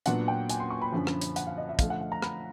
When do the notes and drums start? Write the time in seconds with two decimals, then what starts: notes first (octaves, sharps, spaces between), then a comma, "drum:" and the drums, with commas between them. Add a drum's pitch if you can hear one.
0.06 A#2 F#3 B3 D4 F#5, drum: hi-hat
0.28 G5
0.49 G#5, drum: hi-hat
0.60 C6
0.70 C#6
0.82 B5
0.92 F#2 D3 F3
1.07 drum: rim click
1.21 drum: hi-hat
1.36 F#5, drum: hi-hat
1.47 F5
1.58 D#5
1.69 E5
1.79 D3 F3 A3 F5, drum: kick, hi-hat
1.90 F#5
2.01 F#5
2.12 A#5
2.22 B5, drum: rim click